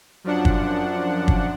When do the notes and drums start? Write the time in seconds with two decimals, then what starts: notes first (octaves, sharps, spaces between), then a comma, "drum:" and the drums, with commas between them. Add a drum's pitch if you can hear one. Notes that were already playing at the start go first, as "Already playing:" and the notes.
0.24 F#2 F3 D4 F#5
0.45 drum: kick
1.28 drum: kick